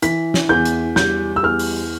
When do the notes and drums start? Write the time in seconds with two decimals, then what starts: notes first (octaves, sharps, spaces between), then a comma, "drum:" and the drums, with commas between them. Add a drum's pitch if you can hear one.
0.02 E3 B6, drum: hi-hat
0.34 drum: snare
0.49 E2 G6
0.65 drum: hi-hat
0.96 G3 G6, drum: snare
1.36 E6
1.43 E2 F6
1.59 drum: open hi-hat